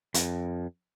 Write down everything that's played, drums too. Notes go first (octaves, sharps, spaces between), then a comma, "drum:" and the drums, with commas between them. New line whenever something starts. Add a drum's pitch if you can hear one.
F2, drum: hi-hat